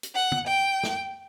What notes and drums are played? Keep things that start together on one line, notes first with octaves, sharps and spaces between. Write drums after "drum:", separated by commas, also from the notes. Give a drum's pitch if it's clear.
drum: hi-hat
F#5
drum: tom
G5
drum: snare